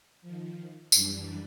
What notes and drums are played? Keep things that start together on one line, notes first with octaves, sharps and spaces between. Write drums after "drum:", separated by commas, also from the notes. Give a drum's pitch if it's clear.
D#3 F3
F#2 E3 G3 D4, drum: tambourine